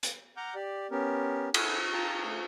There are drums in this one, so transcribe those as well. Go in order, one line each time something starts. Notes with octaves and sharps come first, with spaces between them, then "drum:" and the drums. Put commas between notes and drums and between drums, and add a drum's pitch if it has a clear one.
drum: hi-hat
F#5 A#5 D6 F6 G6
G4 D5
B3 C#4 G4 A#4
E4 A4 F#5 G#5, drum: cymbal
F4 G5 A5 A#5
A3